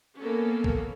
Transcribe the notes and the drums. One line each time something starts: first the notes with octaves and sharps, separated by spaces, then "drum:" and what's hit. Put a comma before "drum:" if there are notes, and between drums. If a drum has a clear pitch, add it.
A#3 B3 C#4 A4
drum: kick B1